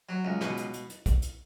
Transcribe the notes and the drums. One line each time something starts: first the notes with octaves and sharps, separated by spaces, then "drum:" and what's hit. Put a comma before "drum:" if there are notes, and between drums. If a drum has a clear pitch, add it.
F#3
C#2
B2, drum: snare
drum: hi-hat
drum: hi-hat
drum: hi-hat
drum: kick, hi-hat
drum: hi-hat